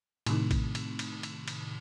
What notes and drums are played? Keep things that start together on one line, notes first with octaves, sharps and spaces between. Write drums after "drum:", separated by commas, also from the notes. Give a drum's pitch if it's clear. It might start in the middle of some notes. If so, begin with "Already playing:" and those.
A2 C3 D#3, drum: cymbal
drum: kick, cymbal
drum: cymbal
drum: cymbal
drum: cymbal
drum: cymbal